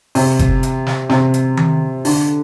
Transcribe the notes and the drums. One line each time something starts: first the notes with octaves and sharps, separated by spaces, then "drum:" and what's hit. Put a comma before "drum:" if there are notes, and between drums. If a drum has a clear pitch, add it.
C3, drum: open hi-hat
drum: kick F#1, hi-hat
drum: hi-hat
drum: snare
C3, drum: snare
drum: hi-hat
drum: tom D#3
D3, drum: open hi-hat